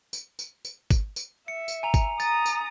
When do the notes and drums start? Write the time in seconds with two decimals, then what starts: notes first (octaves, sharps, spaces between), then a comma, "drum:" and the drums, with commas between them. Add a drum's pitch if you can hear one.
0.13 drum: tambourine
0.39 drum: tambourine
0.65 drum: tambourine
0.91 drum: kick G#1, tambourine
1.16 drum: tambourine
1.48 E5 C#7
1.68 drum: tambourine
1.83 G#5 A#5 F7
1.94 drum: kick G#1, tambourine
2.20 A#5 D#6 A6, drum: tambourine
2.46 drum: tambourine